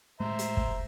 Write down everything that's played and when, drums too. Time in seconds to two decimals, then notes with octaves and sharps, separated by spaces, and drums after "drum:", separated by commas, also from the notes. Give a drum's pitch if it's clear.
0.20 A2 G#3 A3 C5 E5 A#5
0.39 drum: hi-hat
0.57 drum: kick